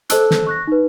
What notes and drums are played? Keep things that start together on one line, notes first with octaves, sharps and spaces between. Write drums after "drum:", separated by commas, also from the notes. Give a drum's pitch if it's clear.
A4 C5 D#5 A5 E6 F#6, drum: hi-hat
drum: snare
C#6 F#6 A#6
D#4 B4